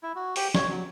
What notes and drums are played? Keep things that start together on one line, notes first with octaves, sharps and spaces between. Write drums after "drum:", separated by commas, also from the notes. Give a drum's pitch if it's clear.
E4
F#4
G4, drum: open hi-hat
C#5, drum: snare
F#3